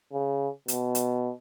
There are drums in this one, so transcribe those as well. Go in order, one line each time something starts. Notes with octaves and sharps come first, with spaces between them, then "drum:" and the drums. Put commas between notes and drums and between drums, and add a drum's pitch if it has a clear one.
C#3
B2, drum: hi-hat
drum: hi-hat